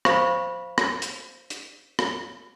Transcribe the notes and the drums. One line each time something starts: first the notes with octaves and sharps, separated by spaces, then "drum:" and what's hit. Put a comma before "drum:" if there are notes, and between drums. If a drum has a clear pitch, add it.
C5 F5 B5 C#6, drum: rim click
drum: rim click
drum: hi-hat
drum: hi-hat
drum: rim click